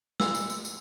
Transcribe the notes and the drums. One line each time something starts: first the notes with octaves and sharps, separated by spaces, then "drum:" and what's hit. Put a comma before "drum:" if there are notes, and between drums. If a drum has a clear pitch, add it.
E6, drum: snare
drum: tambourine
drum: tambourine
drum: tambourine